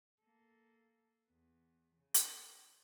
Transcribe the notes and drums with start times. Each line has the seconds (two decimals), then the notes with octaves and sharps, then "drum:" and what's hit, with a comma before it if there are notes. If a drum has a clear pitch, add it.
0.21 A#3 A4
1.27 E2 B3
1.95 C#3
2.14 drum: hi-hat